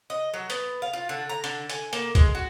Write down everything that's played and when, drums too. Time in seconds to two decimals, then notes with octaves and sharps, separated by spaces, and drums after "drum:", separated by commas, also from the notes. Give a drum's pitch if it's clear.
0.10 D#5
0.34 F#3
0.50 B3, drum: hi-hat
0.82 F5
0.93 F4
1.09 D3
1.30 A#5
1.44 D3, drum: hi-hat
1.70 G#5, drum: hi-hat
1.93 A#3, drum: hi-hat
2.15 G#3, drum: kick C2, hi-hat
2.35 F#4